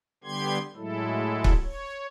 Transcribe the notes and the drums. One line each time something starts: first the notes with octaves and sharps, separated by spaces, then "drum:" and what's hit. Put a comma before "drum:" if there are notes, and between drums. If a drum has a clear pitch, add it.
D3 G3 B3 G4 C6 G#6
A2 F#3 G#3 E4 A4
drum: kick C#1
C#5